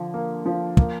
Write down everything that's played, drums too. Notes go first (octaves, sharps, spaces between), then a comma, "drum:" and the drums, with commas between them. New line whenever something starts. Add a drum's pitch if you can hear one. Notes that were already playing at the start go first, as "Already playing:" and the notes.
Already playing: D3 F3
A#3
F3
A#3, drum: kick